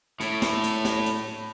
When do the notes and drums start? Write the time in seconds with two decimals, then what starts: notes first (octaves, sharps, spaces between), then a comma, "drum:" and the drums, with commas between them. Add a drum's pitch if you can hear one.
0.20 A2, drum: hi-hat
0.42 drum: snare
0.63 drum: hi-hat
0.85 drum: snare
1.06 drum: hi-hat